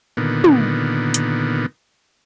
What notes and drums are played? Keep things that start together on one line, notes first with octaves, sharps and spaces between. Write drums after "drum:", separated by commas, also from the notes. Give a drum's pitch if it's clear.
A#2 D3 D#3 B3
drum: tom
drum: hi-hat